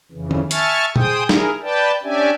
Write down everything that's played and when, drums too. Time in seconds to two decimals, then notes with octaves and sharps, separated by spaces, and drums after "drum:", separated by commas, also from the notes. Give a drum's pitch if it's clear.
0.12 F2 C#3 E3
0.31 drum: tom D#3
0.51 E5 G#5 A5 C#6 F6 A6, drum: hi-hat
0.96 G#4 C5 G5 D#6, drum: tom A#2
1.29 E4 G#4 A#4, drum: snare
1.63 B4 D5 G5 A5
2.03 C#4 D4 G4 D5 E5 G#5